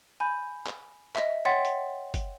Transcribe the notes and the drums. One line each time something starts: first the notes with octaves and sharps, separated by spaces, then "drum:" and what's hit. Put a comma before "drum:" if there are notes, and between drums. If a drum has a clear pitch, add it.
G#5 B5 G6
drum: clap
D#5 E5, drum: clap
C#5 F#5 G5 C6 A6 B6
drum: hi-hat
drum: kick, hi-hat